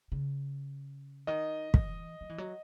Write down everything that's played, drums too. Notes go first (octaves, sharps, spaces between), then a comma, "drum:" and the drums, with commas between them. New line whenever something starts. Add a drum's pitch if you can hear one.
C#3
D#3 D#5
E3, drum: kick
F#3
E3
F#3